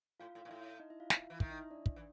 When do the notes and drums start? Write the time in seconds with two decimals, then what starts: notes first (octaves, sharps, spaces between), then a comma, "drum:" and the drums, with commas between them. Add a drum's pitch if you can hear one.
0.20 A2 F4 F5
0.35 A2
0.41 A#2 F5
0.49 A2 E4 E5
0.80 D#4 D#5
0.90 E4 E5
1.00 F4 F5
1.10 E4 E5, drum: snare
1.30 E3
1.40 D#3 E4 E5, drum: kick
1.50 D#4 D#5
1.60 E4 E5
1.71 D4 D5
1.86 drum: kick
1.96 E3